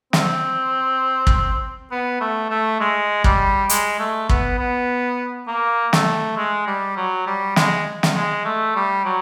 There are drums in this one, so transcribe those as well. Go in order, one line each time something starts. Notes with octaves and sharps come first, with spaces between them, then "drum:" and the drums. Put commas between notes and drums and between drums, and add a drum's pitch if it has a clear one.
C4, drum: snare
drum: kick
B3
A3
A3
G#3
G3, drum: kick
G#3, drum: hi-hat
A3
B3, drum: kick
B3
A#3
A3, drum: snare
G#3
G3
F#3
G3
G#3, drum: snare
drum: snare
G#3
A3
G3
F#3